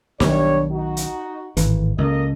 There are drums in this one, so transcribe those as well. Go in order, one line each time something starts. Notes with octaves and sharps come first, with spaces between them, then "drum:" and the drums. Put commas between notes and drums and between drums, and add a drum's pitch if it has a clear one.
B1 D#3 G3 D4 C#5, drum: snare
D#4 F#4
drum: hi-hat
G#1 A2 E3, drum: hi-hat
C#2 A#3 A4 D#5